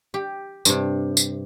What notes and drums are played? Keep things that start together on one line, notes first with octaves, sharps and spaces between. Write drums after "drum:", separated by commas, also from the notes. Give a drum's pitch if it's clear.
G4
G2 C3, drum: tambourine
drum: tambourine